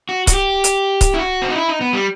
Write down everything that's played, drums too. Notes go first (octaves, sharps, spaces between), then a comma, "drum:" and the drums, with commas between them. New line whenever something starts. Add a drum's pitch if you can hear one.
F#4
F#4, drum: kick C#1, hi-hat
G4
drum: hi-hat
drum: kick C#1, hi-hat
E4
F#4
C4
D#4
E4
D#4
B3
G3